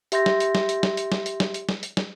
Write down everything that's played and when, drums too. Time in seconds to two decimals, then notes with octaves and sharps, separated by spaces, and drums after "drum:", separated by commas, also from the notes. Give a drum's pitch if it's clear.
0.12 G4 E5 C6 G6 A#6, drum: hi-hat
0.26 drum: snare
0.40 drum: hi-hat
0.55 drum: snare
0.69 drum: hi-hat
0.83 drum: snare
0.97 drum: hi-hat
1.12 drum: snare
1.26 drum: hi-hat
1.40 drum: snare
1.54 drum: hi-hat
1.69 drum: snare
1.83 drum: hi-hat
1.97 drum: snare